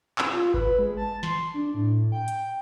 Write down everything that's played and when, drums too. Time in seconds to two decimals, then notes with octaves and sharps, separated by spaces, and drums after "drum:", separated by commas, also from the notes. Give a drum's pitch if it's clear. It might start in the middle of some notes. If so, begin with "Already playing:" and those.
0.19 E6, drum: clap
0.34 F4
0.54 B4, drum: kick G#1
0.79 G#3
0.97 A5
1.23 C6, drum: snare
1.54 D4
1.74 A2
2.12 G5
2.28 drum: hi-hat